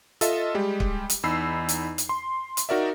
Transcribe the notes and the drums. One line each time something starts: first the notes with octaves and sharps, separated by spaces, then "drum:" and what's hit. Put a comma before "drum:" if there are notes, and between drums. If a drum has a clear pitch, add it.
F4 A4 D#5 E5, drum: hi-hat
G3 G#3 G4
drum: kick
drum: hi-hat
E2 D#4 B5 E6 C7
drum: hi-hat
drum: hi-hat
C6
drum: hi-hat
D#4 F#4 A#4 D5 E5